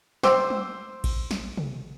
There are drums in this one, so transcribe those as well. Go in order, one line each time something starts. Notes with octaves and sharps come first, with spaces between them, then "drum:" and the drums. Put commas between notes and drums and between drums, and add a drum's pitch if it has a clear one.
C5 G5 C6 D6 E6, drum: snare
drum: tom
drum: kick A1, cymbal
drum: snare
drum: tom